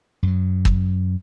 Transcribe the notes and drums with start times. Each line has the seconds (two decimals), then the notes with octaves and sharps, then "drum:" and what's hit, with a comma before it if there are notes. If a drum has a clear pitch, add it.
0.23 F#2 F#3
0.65 drum: kick